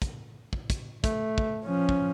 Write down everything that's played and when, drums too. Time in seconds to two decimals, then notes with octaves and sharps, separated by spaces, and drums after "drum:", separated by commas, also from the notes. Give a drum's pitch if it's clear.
0.02 drum: kick, hi-hat
0.53 drum: kick
0.70 drum: kick, hi-hat
1.04 A3, drum: kick, hi-hat
1.38 drum: kick
1.65 F3 C#4
1.89 drum: kick